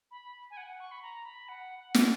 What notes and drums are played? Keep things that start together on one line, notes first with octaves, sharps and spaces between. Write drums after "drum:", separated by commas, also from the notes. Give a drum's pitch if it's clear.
B5
G#5
F#5
C#6
B5
A#5
B5
F#5
F#5
drum: snare